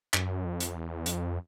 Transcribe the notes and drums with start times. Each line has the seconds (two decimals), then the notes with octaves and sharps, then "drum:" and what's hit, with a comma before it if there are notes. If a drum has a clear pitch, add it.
0.14 F#2, drum: clap
0.45 F2
0.60 drum: hi-hat
0.76 E2
1.06 F2, drum: hi-hat